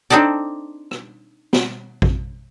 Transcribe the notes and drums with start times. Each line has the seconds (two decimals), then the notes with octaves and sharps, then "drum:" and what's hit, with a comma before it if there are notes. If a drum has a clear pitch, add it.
0.10 C4 D4 D#4 A4 D5
0.91 drum: rim click
1.53 drum: snare
2.02 drum: kick A1